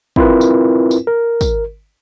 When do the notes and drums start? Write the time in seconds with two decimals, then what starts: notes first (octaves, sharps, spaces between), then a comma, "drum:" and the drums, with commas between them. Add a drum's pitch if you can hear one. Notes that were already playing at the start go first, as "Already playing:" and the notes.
0.16 C4 E4 F4 A#4 B4, drum: kick
0.41 drum: tambourine
0.91 drum: tambourine
1.07 A#4
1.41 drum: kick, tambourine